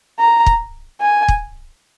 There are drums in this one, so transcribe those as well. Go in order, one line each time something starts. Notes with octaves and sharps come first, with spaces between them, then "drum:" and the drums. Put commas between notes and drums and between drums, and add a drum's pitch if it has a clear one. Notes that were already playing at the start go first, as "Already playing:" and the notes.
A#5
drum: kick
G#5
drum: kick